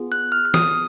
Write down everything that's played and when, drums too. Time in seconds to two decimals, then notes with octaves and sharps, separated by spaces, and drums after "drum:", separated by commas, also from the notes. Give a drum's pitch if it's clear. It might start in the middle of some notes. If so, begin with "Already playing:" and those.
Already playing: B3 F4 G#4
0.12 F#6
0.32 F6
0.45 F6
0.54 B3 F4 G#4 D#6, drum: snare